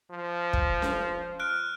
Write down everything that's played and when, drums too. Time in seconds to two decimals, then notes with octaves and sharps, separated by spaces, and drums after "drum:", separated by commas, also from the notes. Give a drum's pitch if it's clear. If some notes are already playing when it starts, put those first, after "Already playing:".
0.11 F3
0.53 drum: kick
0.82 drum: snare C#4
1.40 F6 F#6 D7